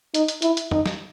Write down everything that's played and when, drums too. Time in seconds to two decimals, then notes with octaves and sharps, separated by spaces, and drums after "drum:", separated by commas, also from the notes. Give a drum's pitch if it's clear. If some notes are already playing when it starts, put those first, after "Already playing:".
0.14 D#4, drum: hi-hat
0.28 drum: hi-hat
0.42 E4, drum: hi-hat
0.57 drum: hi-hat
0.71 D#4, drum: tom
0.86 drum: snare